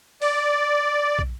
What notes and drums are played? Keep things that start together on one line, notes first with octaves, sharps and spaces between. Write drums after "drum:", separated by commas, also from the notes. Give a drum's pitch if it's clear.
D5, drum: open hi-hat
drum: kick